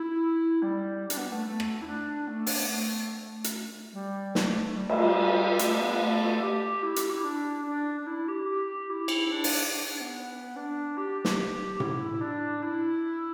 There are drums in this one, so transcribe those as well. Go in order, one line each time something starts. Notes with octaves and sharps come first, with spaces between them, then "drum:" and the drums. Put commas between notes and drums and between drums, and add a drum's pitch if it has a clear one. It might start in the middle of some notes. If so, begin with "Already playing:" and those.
Already playing: E4
G3
D4, drum: hi-hat
B3
A3
A3
drum: rim click
E4
D4
A3
D4, drum: open hi-hat
B3
A3
drum: hi-hat
G3
A3, drum: snare
A3
A3
G3
A3, drum: cymbal
G3
G3
A3, drum: hi-hat
B3
A3
G4
E4
G4, drum: hi-hat
E4
D4
D4
D4
E4
G4
G4
E4
drum: cymbal
D4
drum: open hi-hat
D4
B3
D4
G4
drum: snare
E4, drum: tom A2
D4
E4